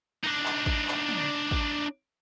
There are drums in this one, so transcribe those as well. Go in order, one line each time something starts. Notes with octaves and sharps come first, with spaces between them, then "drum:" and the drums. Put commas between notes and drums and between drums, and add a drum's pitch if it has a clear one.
D4 D#4
drum: clap
drum: kick
drum: clap
drum: tom
drum: kick